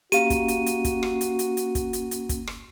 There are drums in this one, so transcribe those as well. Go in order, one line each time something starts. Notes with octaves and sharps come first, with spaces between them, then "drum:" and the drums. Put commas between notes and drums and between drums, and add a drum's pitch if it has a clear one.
A#3 C#4 F#4 G4 F5 D#7, drum: hi-hat
drum: kick, hi-hat
drum: hi-hat
drum: hi-hat
drum: kick, hi-hat
drum: rim click
drum: hi-hat
drum: hi-hat
drum: hi-hat
drum: kick, hi-hat
drum: hi-hat
drum: hi-hat
drum: kick, hi-hat
drum: rim click